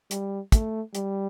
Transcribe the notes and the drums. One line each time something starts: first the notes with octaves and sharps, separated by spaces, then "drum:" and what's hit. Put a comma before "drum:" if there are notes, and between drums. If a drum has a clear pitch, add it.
G3, drum: hi-hat
A3, drum: kick, hi-hat
G3, drum: hi-hat